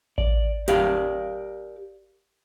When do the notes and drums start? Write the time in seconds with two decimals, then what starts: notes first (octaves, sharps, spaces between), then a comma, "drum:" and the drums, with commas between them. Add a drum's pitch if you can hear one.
0.18 D5, drum: kick A1
0.68 G4 A#4 D5 F5, drum: hi-hat